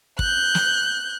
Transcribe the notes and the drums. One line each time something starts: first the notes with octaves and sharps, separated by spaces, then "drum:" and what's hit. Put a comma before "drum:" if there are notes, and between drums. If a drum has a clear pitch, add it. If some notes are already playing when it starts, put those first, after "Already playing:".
F#6 G6, drum: kick
drum: snare